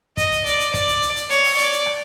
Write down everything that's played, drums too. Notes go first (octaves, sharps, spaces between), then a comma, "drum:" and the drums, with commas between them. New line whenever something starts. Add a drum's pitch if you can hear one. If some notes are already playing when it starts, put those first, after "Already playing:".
D#5, drum: kick, hi-hat
drum: hi-hat
D5, drum: hi-hat
drum: hi-hat
D5, drum: kick, hi-hat
drum: hi-hat
drum: hi-hat
drum: hi-hat
C#5, drum: hi-hat
drum: open hi-hat
D5, drum: hi-hat
drum: hi-hat
drum: rim click